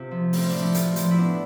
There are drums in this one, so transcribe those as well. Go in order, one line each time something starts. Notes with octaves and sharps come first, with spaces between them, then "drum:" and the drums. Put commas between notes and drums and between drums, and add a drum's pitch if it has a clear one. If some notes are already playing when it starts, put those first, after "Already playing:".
Already playing: C3 F4
F3
A2 C4, drum: open hi-hat
F3 D4
E4
A2 F4, drum: hi-hat
F3, drum: hi-hat
E4
B2 D4